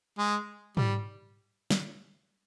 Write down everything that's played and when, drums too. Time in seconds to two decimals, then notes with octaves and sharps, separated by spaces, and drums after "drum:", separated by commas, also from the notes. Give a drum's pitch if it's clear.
0.18 G#3
0.77 G3, drum: tom G#2
1.70 drum: snare